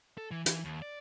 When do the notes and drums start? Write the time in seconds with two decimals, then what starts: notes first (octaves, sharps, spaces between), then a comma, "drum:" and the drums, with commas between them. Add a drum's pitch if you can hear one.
0.18 A4
0.31 E3
0.46 E3, drum: hi-hat
0.65 D#2
0.82 D5